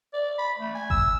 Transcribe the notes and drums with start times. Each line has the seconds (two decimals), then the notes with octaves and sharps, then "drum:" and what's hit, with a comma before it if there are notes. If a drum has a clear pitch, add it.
0.13 D5
0.38 B5
0.58 A3
0.75 G#5
0.90 E6, drum: kick G1